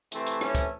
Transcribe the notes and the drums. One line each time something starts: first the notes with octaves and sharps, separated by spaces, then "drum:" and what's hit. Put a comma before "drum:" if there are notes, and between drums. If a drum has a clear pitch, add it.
C3 E3 A3 C4, drum: hi-hat
drum: hi-hat
C#4, drum: rim click
drum: kick, hi-hat